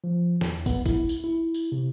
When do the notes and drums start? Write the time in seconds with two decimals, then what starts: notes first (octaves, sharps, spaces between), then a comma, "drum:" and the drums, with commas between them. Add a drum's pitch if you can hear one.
0.04 F3
0.41 E2, drum: snare
0.66 B3, drum: kick, tambourine
0.86 E4, drum: kick, tambourine
1.09 drum: tambourine
1.24 E4
1.54 drum: tambourine
1.72 C3